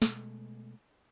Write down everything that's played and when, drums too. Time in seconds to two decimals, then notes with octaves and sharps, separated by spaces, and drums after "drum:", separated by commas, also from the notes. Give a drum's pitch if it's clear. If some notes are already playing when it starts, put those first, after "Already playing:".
0.02 B2 G#3 A3, drum: snare